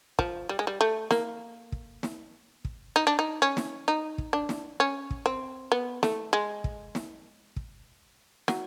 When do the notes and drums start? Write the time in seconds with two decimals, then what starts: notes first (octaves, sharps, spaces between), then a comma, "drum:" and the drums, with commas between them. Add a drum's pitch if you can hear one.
0.19 F3, drum: kick
0.49 G3
0.59 G#3
0.67 G3
0.81 A3
1.11 A#3, drum: snare
1.72 drum: kick
2.03 drum: snare
2.65 drum: kick
2.96 D#4
3.07 D4
3.19 D#4
3.42 C#4
3.57 drum: snare
3.88 D#4
4.18 drum: kick
4.33 D4
4.49 drum: snare
4.80 C#4
5.11 drum: kick
5.26 C4
5.72 B3
6.03 A3, drum: snare
6.33 G#3
6.64 drum: kick
6.95 drum: snare
7.56 drum: kick
8.48 F#3, drum: snare